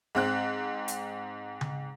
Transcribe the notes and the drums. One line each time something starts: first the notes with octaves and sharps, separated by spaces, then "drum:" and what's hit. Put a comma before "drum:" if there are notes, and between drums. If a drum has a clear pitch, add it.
G#2 C4 F#6
drum: hi-hat
drum: tom C#3